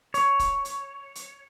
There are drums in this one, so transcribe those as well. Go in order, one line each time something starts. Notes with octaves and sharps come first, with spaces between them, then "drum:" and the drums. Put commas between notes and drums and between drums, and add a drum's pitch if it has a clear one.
C#5, drum: hi-hat
drum: kick, hi-hat
drum: hi-hat
drum: hi-hat